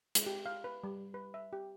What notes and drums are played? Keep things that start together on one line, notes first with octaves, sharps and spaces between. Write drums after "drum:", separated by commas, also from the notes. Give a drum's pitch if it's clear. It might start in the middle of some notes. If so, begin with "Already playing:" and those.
G#3, drum: hi-hat
G4
F5
B4
G3
B4
E5
G4